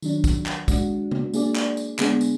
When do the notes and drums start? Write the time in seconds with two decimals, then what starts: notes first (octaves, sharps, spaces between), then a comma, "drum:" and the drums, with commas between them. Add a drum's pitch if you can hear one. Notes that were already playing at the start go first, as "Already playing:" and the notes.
0.02 D#3 F#3 D4, drum: tambourine
0.24 drum: kick, tambourine
0.46 drum: clap
0.68 G#3 D4 F#4, drum: kick, tambourine
1.11 drum: tom C#3
1.34 A#3 D4 G#4 D5, drum: tambourine
1.55 drum: clap
1.77 drum: tambourine
1.99 D3 G#3 B3 D4 G#4, drum: clap
2.21 drum: tambourine